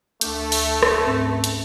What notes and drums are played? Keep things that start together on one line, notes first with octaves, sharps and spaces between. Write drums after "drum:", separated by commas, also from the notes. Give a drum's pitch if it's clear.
D2 A3 D4 G6, drum: hi-hat
drum: open hi-hat
drum: rim click
G#2 C4 C#4
drum: hi-hat